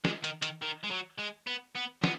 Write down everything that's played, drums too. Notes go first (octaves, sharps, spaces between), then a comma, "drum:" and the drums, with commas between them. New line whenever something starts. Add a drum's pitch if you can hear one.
G#3, drum: snare
D#3, drum: hi-hat
D#3, drum: hi-hat
D#3
G#3
F#3
G#3
B3
B3
B3, drum: snare